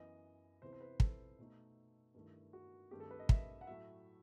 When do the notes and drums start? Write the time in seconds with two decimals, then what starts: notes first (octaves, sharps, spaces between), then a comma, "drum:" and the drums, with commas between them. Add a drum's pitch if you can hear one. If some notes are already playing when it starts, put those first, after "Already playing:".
Already playing: F#2 E3 B3 D#5
0.62 C3 E3 B3 C5
0.73 C5
0.81 B4
1.00 A4, drum: kick
1.39 B2 A3 D#4
2.14 G2 D#3 A3 E4
2.53 F#4
2.91 G2 D#3 A3 C4 G4
3.00 A4
3.11 B4
3.20 D#5
3.29 E5, drum: kick
3.61 F#5
3.67 A2 F#3 A3 E5